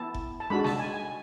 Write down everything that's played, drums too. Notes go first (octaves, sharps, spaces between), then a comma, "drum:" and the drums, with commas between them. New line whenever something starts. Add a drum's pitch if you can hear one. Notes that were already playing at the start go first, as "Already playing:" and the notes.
Already playing: B3 E4 A5
drum: kick F1
A5
G#3 D4 F#4 B5
A5, drum: snare
G#5
G#5